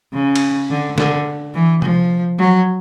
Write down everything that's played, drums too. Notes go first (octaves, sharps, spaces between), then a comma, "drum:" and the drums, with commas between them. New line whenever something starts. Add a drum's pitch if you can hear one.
C#3
drum: cymbal
D3
D3, drum: snare
E3
F3, drum: tom C3
F#3